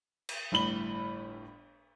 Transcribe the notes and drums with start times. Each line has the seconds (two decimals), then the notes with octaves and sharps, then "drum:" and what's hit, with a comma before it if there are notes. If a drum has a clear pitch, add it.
0.29 drum: cymbal
0.52 G1 A2 B5 F#7 G7